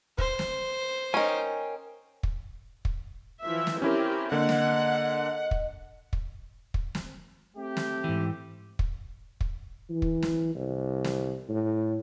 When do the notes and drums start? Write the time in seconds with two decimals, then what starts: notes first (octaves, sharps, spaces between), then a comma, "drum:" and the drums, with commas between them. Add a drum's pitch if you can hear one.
0.18 C5, drum: kick
0.39 drum: snare
1.14 C#4 D#4 A#4 G5 G#5
2.23 drum: kick
2.85 drum: kick
3.43 E3 F3 E5
3.67 drum: snare
3.82 C4 C#4 E4 G4 A#4
4.32 D3 A#3 D#5 F#5
4.49 drum: snare
5.51 drum: kick
6.13 drum: kick
6.74 drum: kick
6.95 drum: snare
7.57 A3 C4 G4
7.77 drum: snare
8.04 G#2 E3
8.79 drum: kick
9.41 drum: kick
9.90 E3
10.02 drum: kick
10.23 drum: snare
10.55 C2
11.05 drum: snare
11.49 A2